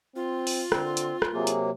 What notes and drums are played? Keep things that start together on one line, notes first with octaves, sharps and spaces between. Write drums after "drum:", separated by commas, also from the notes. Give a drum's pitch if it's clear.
C4 F4
drum: open hi-hat
D3 C4, drum: rim click
drum: hi-hat
drum: rim click
C3 F#3 A#3 G#4
drum: hi-hat